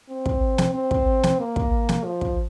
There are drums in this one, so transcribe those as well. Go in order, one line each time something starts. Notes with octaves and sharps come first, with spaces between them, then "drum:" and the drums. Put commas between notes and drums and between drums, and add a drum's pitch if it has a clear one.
C4
drum: kick
drum: snare
C4
drum: kick
drum: snare
A#3
drum: kick
drum: snare
F3
drum: kick